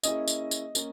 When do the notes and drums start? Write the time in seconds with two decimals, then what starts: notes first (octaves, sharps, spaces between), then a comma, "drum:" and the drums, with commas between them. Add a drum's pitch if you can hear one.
0.03 A#3 C#4 E4 G#4 D#5, drum: tambourine
0.28 drum: tambourine
0.51 drum: tambourine
0.75 A#3 C#4, drum: tambourine